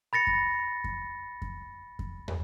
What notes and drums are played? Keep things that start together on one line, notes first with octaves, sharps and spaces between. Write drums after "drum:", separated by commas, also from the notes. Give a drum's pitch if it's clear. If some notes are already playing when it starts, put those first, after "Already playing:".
B5 A6 A#6 C#7
drum: kick F2
drum: kick F2
drum: kick F2
drum: kick F2
drum: tom